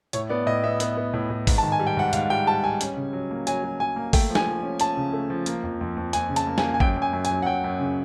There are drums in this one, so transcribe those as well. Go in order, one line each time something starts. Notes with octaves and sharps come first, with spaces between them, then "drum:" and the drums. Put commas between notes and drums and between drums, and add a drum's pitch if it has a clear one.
A2 C#5, drum: hi-hat
B3 D5
A2 D#5
B3 E5
B3, drum: hi-hat
B3
A2
A2
G#2, drum: kick G#1, open hi-hat
D#3 A5
G#5
G3
G5
G#2 F#5
G#2 F5, drum: hi-hat
G3 G5
G3 A5
G3 G#5
C#4, drum: hi-hat
C#3
F#3
A#3
F#3 G#5, drum: hi-hat
F#3
F#3 G#5
A#3
A3 G5, drum: kick G#1, open hi-hat
F3
G#5, drum: snare
F3
C#4
C#4 A5, drum: hi-hat
C#3
A3
F3
A#3, drum: hi-hat
F2
F2
F2
F2 G#5, drum: hi-hat
C#3
A5, drum: hi-hat
A#3
G#5, drum: snare
A#3
G#5
F#2 G5, drum: kick G#1
F#2 G#5
F#2
G#5, drum: hi-hat
F#3
F#5
F#2 G5
F#2
C#3